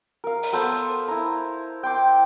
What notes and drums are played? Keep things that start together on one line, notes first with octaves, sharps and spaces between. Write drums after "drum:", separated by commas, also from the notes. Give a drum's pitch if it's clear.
A#4 F5
drum: open hi-hat
B3 A4 B4 C5
E4 A#5
G5 C6 D6